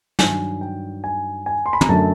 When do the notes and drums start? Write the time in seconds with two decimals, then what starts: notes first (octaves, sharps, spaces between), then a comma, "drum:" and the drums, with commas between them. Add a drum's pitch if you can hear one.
0.19 G2 D#3 F#3 G#5, drum: snare
0.61 G5
1.04 G#5
1.46 G#5
1.66 C6
1.73 B5
1.81 A#5, drum: tom
1.89 F#2 D3 F#3 A3 A5